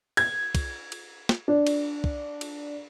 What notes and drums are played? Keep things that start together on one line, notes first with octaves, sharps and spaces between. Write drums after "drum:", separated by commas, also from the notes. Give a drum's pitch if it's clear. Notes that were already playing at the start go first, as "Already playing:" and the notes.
G#6, drum: cymbal
drum: kick, cymbal
drum: cymbal
drum: snare
D4
drum: cymbal
drum: kick
drum: cymbal